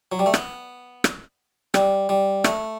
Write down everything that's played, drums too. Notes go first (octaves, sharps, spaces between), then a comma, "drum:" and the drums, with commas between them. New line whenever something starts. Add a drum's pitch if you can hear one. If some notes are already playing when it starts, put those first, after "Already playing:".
F#3
G3
A3
B3, drum: rim click
drum: rim click
G3, drum: rim click
G3
A3, drum: rim click